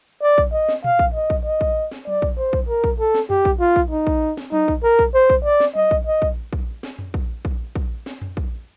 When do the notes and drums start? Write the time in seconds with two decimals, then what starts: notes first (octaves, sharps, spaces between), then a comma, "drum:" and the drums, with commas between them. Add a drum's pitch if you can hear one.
0.22 D5
0.38 drum: kick
0.53 D#5
0.69 drum: snare
0.84 F5, drum: tom A#2
0.99 drum: kick
1.14 D#5
1.30 drum: kick
1.45 D#5
1.61 drum: kick
1.91 drum: snare
2.07 D5, drum: tom F#3
2.22 drum: kick
2.38 C5
2.53 drum: kick
2.69 A#4
2.84 drum: kick
3.00 A4
3.14 drum: snare
3.30 G4, drum: tom F2
3.45 drum: kick
3.60 F4
3.76 drum: kick
3.91 D#4
4.07 drum: kick
4.37 drum: snare
4.52 D#4, drum: tom F#3
4.68 drum: kick
4.83 A#4
4.99 drum: kick
5.14 C5
5.30 drum: kick
5.44 D5
5.60 drum: snare
5.75 D#5, drum: tom F#3
5.91 drum: kick
6.07 D#5
6.22 drum: kick
6.53 drum: kick
6.83 drum: snare
6.99 drum: tom F2
7.14 drum: kick
7.45 drum: kick
7.75 drum: kick
8.06 drum: snare
8.22 drum: tom F2
8.37 drum: kick